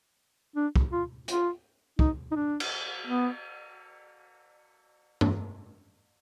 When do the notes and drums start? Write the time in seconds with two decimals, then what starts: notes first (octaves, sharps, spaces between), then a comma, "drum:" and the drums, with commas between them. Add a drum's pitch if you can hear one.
0.56 D4
0.76 drum: kick
0.92 F4
1.28 F4, drum: hi-hat
1.99 D#4, drum: kick
2.31 D#4
2.36 D4
2.60 drum: cymbal
3.07 B3
5.21 drum: tom G2